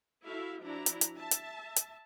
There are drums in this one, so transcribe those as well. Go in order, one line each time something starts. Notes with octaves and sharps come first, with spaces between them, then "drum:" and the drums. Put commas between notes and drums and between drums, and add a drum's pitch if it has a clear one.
E4 F#4 A4 E5 F5
F3 D4 E4 F#4 A#5
drum: hi-hat
drum: hi-hat
E5 A5
drum: hi-hat
drum: hi-hat